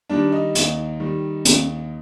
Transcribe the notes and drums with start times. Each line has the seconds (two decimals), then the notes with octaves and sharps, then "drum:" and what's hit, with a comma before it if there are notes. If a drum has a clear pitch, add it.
0.10 D#3 G3 D4
0.32 D#4
0.55 D#2, drum: hi-hat
1.00 D#3 G3
1.45 D#2, drum: hi-hat